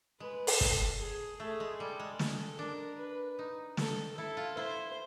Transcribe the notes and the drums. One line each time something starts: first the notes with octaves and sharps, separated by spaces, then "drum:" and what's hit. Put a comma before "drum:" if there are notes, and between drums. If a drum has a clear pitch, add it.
G#3 B4
drum: open hi-hat
A4, drum: kick
G#4
A3 G#4
G#3
G3 A4
G#3
A4, drum: snare
D4 A#4
B4
D#4
A4, drum: snare
E4 A4
F4
E4 C5